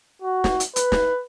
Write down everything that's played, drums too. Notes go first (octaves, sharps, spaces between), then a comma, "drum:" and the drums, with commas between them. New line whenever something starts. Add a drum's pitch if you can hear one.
F#4
drum: snare
drum: hi-hat
B4, drum: hi-hat
drum: snare